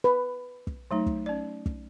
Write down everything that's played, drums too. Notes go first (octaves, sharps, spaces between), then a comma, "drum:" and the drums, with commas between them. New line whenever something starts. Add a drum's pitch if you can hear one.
B4
drum: kick
F#3 A3 D#4
drum: kick
C#4 D5
drum: kick